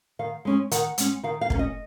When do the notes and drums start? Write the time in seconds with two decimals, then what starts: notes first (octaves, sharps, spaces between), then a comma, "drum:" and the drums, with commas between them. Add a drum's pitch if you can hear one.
0.19 D#3 F5
0.45 G#3 C#4
0.71 D#3 F#5, drum: hi-hat
0.98 G#3 C#4, drum: hi-hat
1.23 D#3 F5
1.41 F5
1.50 A#3, drum: kick
1.54 C#4 D#5